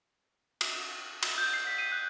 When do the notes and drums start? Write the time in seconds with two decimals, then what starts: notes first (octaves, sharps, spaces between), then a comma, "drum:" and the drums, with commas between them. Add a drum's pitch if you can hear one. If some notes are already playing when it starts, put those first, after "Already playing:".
0.61 drum: cymbal
1.23 drum: cymbal
1.38 G6
1.53 C7
1.67 B6
1.78 D#7
1.92 F#6